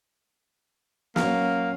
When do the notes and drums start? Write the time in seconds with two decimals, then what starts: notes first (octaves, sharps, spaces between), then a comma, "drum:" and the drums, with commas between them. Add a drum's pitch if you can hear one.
1.16 F#3 A#3 C#4 F5, drum: snare